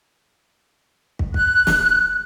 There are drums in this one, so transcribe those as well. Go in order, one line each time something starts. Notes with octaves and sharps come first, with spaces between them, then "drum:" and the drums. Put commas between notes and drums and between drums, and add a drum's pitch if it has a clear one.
drum: kick
F#6, drum: kick
drum: snare